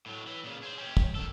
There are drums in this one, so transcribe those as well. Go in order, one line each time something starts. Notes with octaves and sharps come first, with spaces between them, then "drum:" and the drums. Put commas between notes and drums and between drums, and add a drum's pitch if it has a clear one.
A2 F#3
E3
A#2 C#3
G#4 C5
C#4 G4
drum: kick
D#3 A4